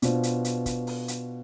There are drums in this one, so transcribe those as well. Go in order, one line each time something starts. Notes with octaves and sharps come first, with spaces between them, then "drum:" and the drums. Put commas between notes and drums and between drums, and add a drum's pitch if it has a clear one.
B2 B3 D4 F4 C5, drum: hi-hat
drum: hi-hat
drum: hi-hat
drum: kick, hi-hat
drum: open hi-hat
drum: hi-hat